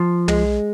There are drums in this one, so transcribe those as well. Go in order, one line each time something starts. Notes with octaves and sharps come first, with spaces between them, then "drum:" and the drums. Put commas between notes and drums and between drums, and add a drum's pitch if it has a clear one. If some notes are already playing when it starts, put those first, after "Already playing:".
Already playing: F3
G#3, drum: tom